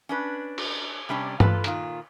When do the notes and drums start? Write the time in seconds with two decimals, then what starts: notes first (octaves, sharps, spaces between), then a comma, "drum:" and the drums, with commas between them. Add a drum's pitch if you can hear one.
0.09 C#4 D4 B4
0.58 drum: cymbal
1.09 C3 G3 C#4 D4
1.40 G2 F4 A4 B4, drum: tom G2
1.64 A#2 D#3 F4, drum: hi-hat